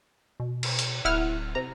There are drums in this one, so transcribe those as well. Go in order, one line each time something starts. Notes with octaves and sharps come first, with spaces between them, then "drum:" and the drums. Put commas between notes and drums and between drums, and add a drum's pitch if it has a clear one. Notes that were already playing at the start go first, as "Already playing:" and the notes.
B2
drum: cymbal
drum: hi-hat
D1 E4 F#5 F6
C3 A#5